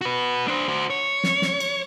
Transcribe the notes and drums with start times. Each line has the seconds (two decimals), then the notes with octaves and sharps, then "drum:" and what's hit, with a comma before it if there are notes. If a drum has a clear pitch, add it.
0.01 F#4 B4
0.48 D4 C5
0.68 F#4 C5
0.90 C#5
1.24 drum: snare
1.42 drum: snare
1.60 drum: cymbal